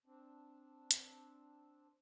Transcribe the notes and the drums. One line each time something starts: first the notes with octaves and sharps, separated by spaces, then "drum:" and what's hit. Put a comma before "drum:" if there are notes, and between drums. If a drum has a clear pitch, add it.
C4 D4
drum: hi-hat